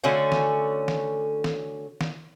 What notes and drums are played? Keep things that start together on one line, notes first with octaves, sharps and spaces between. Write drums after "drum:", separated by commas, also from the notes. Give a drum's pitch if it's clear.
D3 A3 C#4 F#4
drum: snare
drum: snare
drum: snare
drum: snare